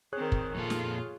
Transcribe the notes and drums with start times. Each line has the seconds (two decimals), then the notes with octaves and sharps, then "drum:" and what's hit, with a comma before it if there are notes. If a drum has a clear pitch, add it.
0.13 D#3 C4 G#4 C#5 F#6
0.32 drum: kick
0.55 F2 A#2 F4 A4
0.70 drum: snare